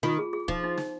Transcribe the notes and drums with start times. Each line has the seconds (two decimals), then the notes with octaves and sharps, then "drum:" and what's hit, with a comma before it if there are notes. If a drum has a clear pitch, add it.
0.03 D#3 F4
0.18 G#4
0.33 G#4
0.48 F3 D#4, drum: kick
0.64 D#4
0.77 D#4, drum: snare